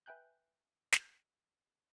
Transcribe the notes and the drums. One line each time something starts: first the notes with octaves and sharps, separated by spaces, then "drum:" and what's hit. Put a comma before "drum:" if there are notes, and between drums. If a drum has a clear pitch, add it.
B4 E5 G5 G#5 F#6 G6
drum: snare